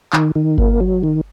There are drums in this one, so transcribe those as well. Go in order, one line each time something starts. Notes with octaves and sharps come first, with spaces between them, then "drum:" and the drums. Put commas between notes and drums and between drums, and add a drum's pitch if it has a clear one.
D#3, drum: clap
D#3
A#3, drum: kick G1
F#3
D#3